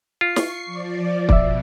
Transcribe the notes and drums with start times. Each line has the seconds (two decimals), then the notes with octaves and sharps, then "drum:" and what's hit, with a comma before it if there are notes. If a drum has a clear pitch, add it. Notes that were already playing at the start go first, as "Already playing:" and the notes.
0.21 F4 C#6 C7
0.36 drum: snare
0.66 F3 D5
1.29 B2 D5 E5, drum: kick